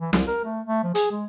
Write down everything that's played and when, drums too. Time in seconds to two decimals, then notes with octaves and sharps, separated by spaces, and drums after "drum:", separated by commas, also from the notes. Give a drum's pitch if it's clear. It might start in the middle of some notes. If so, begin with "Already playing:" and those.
0.01 E3
0.13 C2, drum: snare
0.27 A#4
0.45 A3
0.66 A3
0.84 F3
0.95 G#4, drum: hi-hat
1.11 G#3